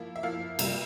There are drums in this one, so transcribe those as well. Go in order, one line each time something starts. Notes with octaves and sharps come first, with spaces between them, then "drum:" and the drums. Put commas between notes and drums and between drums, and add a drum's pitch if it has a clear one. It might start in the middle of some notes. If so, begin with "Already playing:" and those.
Already playing: F3 A#3 E4
E5
F3 A#3 E4 F5
C3 G3 A#3, drum: cymbal